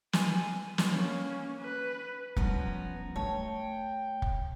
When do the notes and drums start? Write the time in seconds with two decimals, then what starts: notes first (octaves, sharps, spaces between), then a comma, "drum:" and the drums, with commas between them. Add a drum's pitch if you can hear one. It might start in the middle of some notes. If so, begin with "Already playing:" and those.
0.13 G#5, drum: snare
0.78 drum: snare
0.89 A#3 C#4
1.60 B4
2.36 F3 G3 B3 C#4 A#5, drum: kick
3.16 A3 C#5 G5 A5
4.22 drum: kick